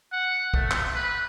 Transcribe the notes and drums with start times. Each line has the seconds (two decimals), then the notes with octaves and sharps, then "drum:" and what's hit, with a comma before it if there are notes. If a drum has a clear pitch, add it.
0.12 F#5
0.54 A3, drum: kick
0.71 drum: clap
0.94 B4